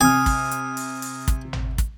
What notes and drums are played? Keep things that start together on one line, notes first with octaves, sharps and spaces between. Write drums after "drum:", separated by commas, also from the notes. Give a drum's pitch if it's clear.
C3 G#5 D#6 F6
drum: kick, open hi-hat
drum: hi-hat
drum: open hi-hat
drum: open hi-hat
drum: kick, hi-hat
drum: tom
drum: kick, hi-hat